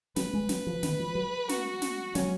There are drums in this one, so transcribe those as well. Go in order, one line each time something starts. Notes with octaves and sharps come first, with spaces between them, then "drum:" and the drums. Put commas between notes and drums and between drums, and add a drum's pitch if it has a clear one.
F#3 B4, drum: snare
G#3
F#3, drum: snare
F3
D#3, drum: snare
F3
F#3
F#4, drum: snare
drum: snare
F#3 C#4, drum: snare